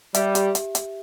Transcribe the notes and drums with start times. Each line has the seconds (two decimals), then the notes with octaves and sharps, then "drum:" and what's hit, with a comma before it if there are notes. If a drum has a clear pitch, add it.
0.14 G3 E5, drum: hi-hat
0.35 G4, drum: hi-hat
0.55 drum: hi-hat
0.75 drum: hi-hat